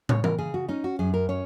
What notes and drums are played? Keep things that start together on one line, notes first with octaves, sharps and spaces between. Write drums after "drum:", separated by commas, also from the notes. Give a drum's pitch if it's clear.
C#3 C#5, drum: tom
A#4, drum: tom E3
C#3 G#4
F#4
C#4 D#4
F#4
F#2 G#4
A#4
C#4 C#5